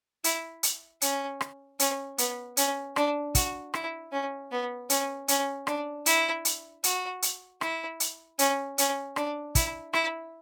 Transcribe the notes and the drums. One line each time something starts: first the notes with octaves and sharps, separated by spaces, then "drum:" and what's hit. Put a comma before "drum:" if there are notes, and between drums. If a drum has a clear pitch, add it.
E4, drum: hi-hat
drum: hi-hat
C#4, drum: hi-hat
drum: rim click
C#4, drum: hi-hat
B3, drum: hi-hat
C#4, drum: hi-hat
D4, drum: rim click
F#4, drum: kick, hi-hat
E4, drum: rim click
C#4
B3
C#4, drum: hi-hat
C#4, drum: hi-hat
D4, drum: rim click
E4, drum: hi-hat
drum: hi-hat
F#4, drum: hi-hat
drum: hi-hat
E4, drum: rim click
drum: hi-hat
C#4, drum: hi-hat
C#4, drum: hi-hat
D4, drum: rim click
E4, drum: kick, hi-hat
E4, drum: rim click